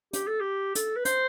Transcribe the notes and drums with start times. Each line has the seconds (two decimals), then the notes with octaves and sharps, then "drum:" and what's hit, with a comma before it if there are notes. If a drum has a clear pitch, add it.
0.13 G4, drum: hi-hat
0.27 A4
0.40 G4
0.75 A4, drum: hi-hat
0.96 B4
1.05 C5, drum: hi-hat